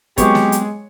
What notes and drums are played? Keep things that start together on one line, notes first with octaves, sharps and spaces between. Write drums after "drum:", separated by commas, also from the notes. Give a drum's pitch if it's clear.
F#3 G#3 B3 C4 G4 C#5, drum: kick, hi-hat
drum: snare
drum: hi-hat